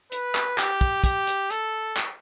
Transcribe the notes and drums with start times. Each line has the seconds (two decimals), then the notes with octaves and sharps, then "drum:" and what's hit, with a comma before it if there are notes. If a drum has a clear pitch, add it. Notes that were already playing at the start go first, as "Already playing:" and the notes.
0.12 B4, drum: hi-hat
0.35 drum: clap
0.58 G4, drum: clap
0.81 drum: kick
1.04 G4, drum: kick, hi-hat
1.27 drum: hi-hat
1.50 A4, drum: hi-hat
1.97 drum: clap